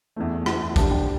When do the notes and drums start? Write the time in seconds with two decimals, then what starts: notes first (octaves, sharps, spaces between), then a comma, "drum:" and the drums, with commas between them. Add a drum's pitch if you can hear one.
0.16 E2 E3 A3
0.46 E2 E3 A3, drum: rim click
0.76 D2 D3 G3 A5, drum: kick, hi-hat
0.91 G5